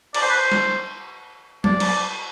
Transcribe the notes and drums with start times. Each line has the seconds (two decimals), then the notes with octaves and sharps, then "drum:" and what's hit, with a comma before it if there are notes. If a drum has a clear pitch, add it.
0.14 D5, drum: cymbal
0.22 C5
0.29 B4
0.36 C5
0.52 drum: snare
1.64 D5, drum: tom F#3
1.80 drum: cymbal